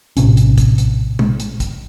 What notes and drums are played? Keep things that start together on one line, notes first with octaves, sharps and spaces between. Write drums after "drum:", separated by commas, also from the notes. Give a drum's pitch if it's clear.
A#1 A2 C3 C#4, drum: hi-hat
drum: hi-hat
drum: kick, hi-hat
drum: hi-hat
drum: tom A#2
drum: hi-hat
drum: kick, hi-hat